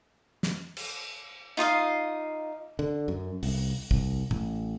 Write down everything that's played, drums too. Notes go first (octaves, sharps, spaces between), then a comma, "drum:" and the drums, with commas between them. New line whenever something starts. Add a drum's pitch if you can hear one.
drum: snare
drum: cymbal
D#4 F4 D#5 F5
D3
F#2
C2, drum: open hi-hat
C2, drum: kick
A1, drum: tom A2